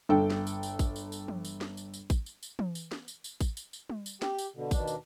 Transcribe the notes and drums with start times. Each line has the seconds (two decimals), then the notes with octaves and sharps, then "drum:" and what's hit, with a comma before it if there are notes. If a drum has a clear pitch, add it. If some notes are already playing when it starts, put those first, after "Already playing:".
0.09 G1 A4 G5
0.30 drum: snare
0.47 drum: tambourine
0.63 drum: tambourine
0.79 drum: kick A1, tambourine
0.96 drum: tambourine
1.12 drum: tambourine
1.28 drum: tom
1.45 drum: tambourine
1.61 drum: snare
1.77 drum: tambourine
1.94 drum: tambourine
2.10 drum: kick A1, tambourine
2.26 drum: tambourine
2.43 drum: tambourine
2.59 drum: tom
2.75 drum: tambourine
2.92 drum: snare
3.08 drum: tambourine
3.24 drum: tambourine
3.41 drum: kick A1, tambourine
3.57 drum: tambourine
3.73 drum: tambourine
3.90 drum: tom G3
4.06 drum: tambourine
4.22 G4, drum: snare
4.39 drum: tambourine
4.55 B2 D3
4.71 D#2 B2 D4, drum: kick A1, tambourine
4.87 drum: tambourine